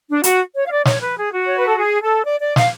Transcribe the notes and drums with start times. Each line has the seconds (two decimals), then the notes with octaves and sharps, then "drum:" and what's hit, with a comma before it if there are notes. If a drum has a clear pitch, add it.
0.09 D4
0.24 F#4, drum: hi-hat
0.55 C#5
0.66 F5
0.71 D5
0.85 C#5, drum: snare
1.01 B4
1.17 G#4
1.33 F#4
1.46 C#5
1.57 B4
1.67 A4
1.78 G#4
2.02 A4
2.25 D5
2.40 D5
2.56 F5, drum: snare